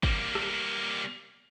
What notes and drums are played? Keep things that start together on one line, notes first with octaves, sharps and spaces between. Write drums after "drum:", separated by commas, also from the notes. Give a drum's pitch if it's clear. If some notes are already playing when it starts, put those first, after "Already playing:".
G3 A#3, drum: kick
drum: rim click